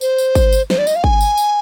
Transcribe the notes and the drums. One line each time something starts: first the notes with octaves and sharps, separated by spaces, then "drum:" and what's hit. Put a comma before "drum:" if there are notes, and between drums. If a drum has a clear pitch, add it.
C5, drum: tambourine
drum: tambourine
drum: kick G#1, tambourine
drum: tambourine
C5, drum: snare
D5
D#5, drum: tambourine
F5
G#5, drum: kick G#1
drum: tambourine
drum: tambourine